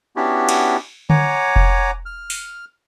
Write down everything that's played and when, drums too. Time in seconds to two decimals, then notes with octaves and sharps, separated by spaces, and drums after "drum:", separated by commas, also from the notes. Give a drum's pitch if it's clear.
0.16 B3 C#4 D4 E4 F#4 G4
0.49 drum: cymbal
1.10 C#5 F#5 G#5 A#5 D6, drum: tom D3
1.56 drum: kick F1
2.06 F6
2.30 drum: open hi-hat